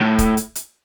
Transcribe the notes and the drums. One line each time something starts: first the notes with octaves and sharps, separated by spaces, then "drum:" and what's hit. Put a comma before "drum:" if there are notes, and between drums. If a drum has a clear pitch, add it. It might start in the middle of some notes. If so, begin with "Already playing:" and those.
A2
drum: kick, hi-hat
drum: hi-hat
drum: hi-hat